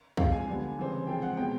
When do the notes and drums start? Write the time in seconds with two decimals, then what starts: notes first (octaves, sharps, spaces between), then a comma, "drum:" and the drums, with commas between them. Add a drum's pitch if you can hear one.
0.17 C3 F3 G#3 F5, drum: kick
0.32 G#5
0.48 D3 G3 B3
0.77 C#3 E3 G3 C4
1.07 C3 F3 G#3 C4 G5
1.22 F#5
1.37 B2 G#3 C4 G5